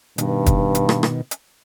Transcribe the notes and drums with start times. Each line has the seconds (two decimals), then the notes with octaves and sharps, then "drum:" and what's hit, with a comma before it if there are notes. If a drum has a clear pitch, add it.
0.18 G2 B2 D#3, drum: hi-hat
0.46 drum: kick, hi-hat
0.75 drum: hi-hat
0.89 drum: rim click
1.03 drum: rim click
1.31 drum: hi-hat